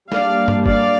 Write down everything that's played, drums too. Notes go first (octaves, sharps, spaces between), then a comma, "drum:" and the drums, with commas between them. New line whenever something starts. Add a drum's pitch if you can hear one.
G3 A#3 D4 D5 F5, drum: snare
drum: tom G2
D5 F5, drum: kick